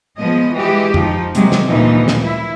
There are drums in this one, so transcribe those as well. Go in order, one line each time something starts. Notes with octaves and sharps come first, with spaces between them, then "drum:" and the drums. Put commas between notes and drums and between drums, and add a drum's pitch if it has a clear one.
F3 G#3 B3 D#5
E3 G#3 F#4 G4 D#5
F3 D#4, drum: tom F2
C3 F#3 G#3 A#3, drum: hi-hat
drum: snare
D2 A#2 E3 F3 G3 D#4
drum: snare
E4